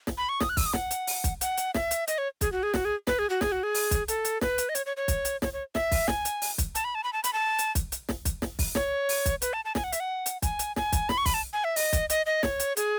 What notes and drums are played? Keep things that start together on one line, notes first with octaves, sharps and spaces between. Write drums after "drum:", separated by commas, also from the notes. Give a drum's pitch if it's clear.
drum: snare
B5
C#6
D#6, drum: snare
F#6
E6, drum: kick, open hi-hat
D#6
F#5, drum: snare
drum: hi-hat
drum: open hi-hat
drum: kick, hi-hat
F#5, drum: hi-hat
drum: hi-hat
E5, drum: snare
drum: hi-hat
D#5, drum: hi-hat
C#5
G#4, drum: kick, hi-hat
F#4
G#4
F#4, drum: snare
G#4
B4, drum: snare
G#4
F#4
G#4, drum: snare
F#4
G#4
drum: open hi-hat
drum: kick, hi-hat
A4, drum: hi-hat
drum: hi-hat
B4, drum: snare
drum: hi-hat
D#5
C#5, drum: hi-hat
C#5
C#5
drum: kick, hi-hat
drum: hi-hat
C#5, drum: snare
C#5
E5, drum: snare
drum: kick, open hi-hat
G#5, drum: snare
drum: hi-hat
drum: open hi-hat
drum: kick, hi-hat
A5, drum: hi-hat
B5
A5
B5
A5
B5, drum: hi-hat
A5
drum: hi-hat
drum: kick, hi-hat
drum: hi-hat
drum: snare
drum: kick, hi-hat
drum: snare
drum: kick, open hi-hat
C#5, drum: snare
drum: open hi-hat
drum: kick, hi-hat
B4, drum: hi-hat
A5
A5
G#5, drum: snare
F#5
E5, drum: hi-hat
F#5
drum: hi-hat
G#5, drum: kick, hi-hat
drum: hi-hat
G#5, drum: snare
drum: kick, hi-hat
B5, drum: snare
C#6
B5, drum: kick, open hi-hat
A5
G#5
E5
D#5, drum: open hi-hat
drum: kick, hi-hat
D#5, drum: hi-hat
D#5
C#5, drum: snare
drum: hi-hat
G#4, drum: hi-hat